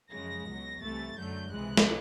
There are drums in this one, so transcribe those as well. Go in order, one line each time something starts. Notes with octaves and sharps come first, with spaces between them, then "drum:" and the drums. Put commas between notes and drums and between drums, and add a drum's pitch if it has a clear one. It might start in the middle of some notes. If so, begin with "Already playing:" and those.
F#2 C#3 F3 G#3 A#6
C#2 B2 F#3
C2 C3 E3 A3 A6
F#2 D3 F#3 A3 G6
C#2 C3 E3 G#3 F#6
drum: snare